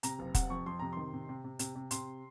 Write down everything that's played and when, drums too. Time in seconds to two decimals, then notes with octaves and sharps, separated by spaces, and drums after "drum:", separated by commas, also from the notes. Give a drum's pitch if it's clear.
0.03 C3 A#5, drum: hi-hat
0.19 F#1
0.35 C3 F#5, drum: kick, hi-hat
0.50 F2 C#6
0.66 F2 C6
0.79 C3 A#5
0.93 D#3 C6
1.13 C3
1.29 C3
1.44 C3
1.59 C3, drum: hi-hat
1.75 C3
1.91 C3 C6, drum: hi-hat